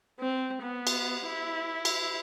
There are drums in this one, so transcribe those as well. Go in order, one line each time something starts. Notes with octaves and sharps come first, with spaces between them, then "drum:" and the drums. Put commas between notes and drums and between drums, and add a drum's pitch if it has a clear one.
C4
B3
drum: cymbal
E4
drum: cymbal